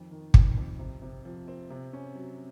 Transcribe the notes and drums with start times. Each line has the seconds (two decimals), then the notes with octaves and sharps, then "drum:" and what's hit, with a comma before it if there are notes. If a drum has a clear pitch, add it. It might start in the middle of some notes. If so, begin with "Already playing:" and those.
Already playing: F2 D#3
0.11 D#3
0.34 F2, drum: kick
0.57 F2
0.79 C3
1.02 C3
1.25 F3
1.48 C4
1.70 C3
1.93 C#4
2.15 F#3